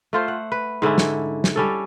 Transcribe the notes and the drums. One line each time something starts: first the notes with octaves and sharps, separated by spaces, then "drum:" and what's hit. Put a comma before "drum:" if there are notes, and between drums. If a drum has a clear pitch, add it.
A3 F4 C5
F#5
B4
G#2 D3 C#4 E4
drum: snare
drum: snare
G3 C#4 A4